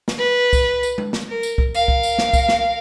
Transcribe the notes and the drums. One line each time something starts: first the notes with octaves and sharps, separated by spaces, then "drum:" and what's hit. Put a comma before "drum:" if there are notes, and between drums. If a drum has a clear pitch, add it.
drum: snare
B4
drum: kick C2, tambourine
drum: tambourine
drum: tom G#3
drum: snare
A#4
drum: tambourine
drum: kick C2
A#4 F5, drum: tambourine
drum: kick C2
drum: tambourine
drum: snare
drum: kick C2, tambourine
drum: snare